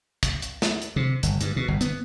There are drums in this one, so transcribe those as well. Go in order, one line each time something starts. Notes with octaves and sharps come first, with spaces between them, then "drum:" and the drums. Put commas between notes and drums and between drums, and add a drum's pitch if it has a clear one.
drum: kick, hi-hat
drum: hi-hat
drum: snare
drum: hi-hat
C3
G1, drum: hi-hat
G2, drum: hi-hat
B2
G1
B3, drum: hi-hat